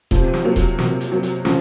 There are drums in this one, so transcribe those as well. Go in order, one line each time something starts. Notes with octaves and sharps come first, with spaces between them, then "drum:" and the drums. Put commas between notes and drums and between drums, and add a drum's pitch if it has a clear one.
C3 F3, drum: kick D#1, hi-hat
drum: snare
F#3 A#3
drum: kick D#1, hi-hat
C3, drum: snare
drum: hi-hat
F#3 A#3
drum: hi-hat
C#3 F3, drum: snare